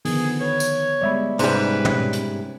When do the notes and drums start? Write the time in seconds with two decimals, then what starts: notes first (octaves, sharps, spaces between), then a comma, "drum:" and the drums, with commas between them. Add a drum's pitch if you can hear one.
0.05 D3 D#3 F3 B3 G#4, drum: open hi-hat
0.40 B4 C#5
0.60 drum: tambourine
1.01 G3 G#3 B3 D5 E5 B5
1.39 G#2 C3 G3 C#4 B4 C5, drum: cymbal
1.85 C#4, drum: tom
2.13 drum: hi-hat